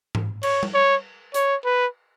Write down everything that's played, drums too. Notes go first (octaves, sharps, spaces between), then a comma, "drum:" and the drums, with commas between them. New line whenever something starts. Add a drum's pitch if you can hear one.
drum: tom G#2
C#5, drum: cymbal
drum: tom G3
C#5
C#5, drum: hi-hat
B4